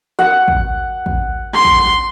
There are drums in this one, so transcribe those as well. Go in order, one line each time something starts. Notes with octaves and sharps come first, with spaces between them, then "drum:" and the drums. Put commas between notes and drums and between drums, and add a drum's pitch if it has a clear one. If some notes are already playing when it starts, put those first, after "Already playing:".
F#5
drum: kick
drum: kick
C6
drum: kick